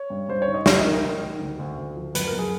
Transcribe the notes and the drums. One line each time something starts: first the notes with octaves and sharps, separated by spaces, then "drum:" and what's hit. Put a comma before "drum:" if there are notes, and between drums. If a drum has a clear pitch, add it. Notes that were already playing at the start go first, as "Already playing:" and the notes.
Already playing: C#5
G2
G2 C5
C#5
D#3
D#5
D#3 E5, drum: snare
D#5
D#3 A#4
A#4
D#3
D#3
D2
D2
D2
F3
F#2 B4, drum: hi-hat
A#4
F#2
G#4